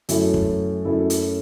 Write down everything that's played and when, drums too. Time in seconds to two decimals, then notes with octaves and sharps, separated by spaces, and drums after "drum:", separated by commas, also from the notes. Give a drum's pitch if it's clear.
0.09 F#2 F#3 A3 E4 A4, drum: hi-hat
0.34 drum: kick
0.85 F#2 F#3 A3 E4 A4
1.10 drum: hi-hat